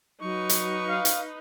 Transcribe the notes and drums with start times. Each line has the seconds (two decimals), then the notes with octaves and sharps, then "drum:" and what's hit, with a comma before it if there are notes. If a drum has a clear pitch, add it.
0.22 F#3 D#4 B4 C#6
0.49 drum: hi-hat
0.89 F5
1.05 drum: hi-hat